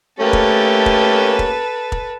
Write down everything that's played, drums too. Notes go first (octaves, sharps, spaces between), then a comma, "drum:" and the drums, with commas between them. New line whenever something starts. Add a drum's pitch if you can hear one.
A3 A#3 C#4 G4 A4 B4
drum: kick
drum: kick
drum: kick
drum: kick